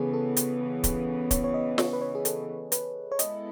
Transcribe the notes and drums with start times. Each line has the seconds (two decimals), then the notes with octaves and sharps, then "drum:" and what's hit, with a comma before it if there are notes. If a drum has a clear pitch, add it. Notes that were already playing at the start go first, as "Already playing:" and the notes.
Already playing: C#3 E3 B3 G#4 A4
0.13 A4
0.37 drum: hi-hat
0.84 drum: kick, hi-hat
1.31 C#5, drum: kick, hi-hat
1.44 C#5
1.54 D#5
1.78 C#5, drum: snare
1.93 B4
2.01 C#5
2.15 G#4
2.25 A4, drum: hi-hat
2.72 B4, drum: hi-hat
3.12 C#5
3.19 G#3 B3 E4 A4 D#5, drum: hi-hat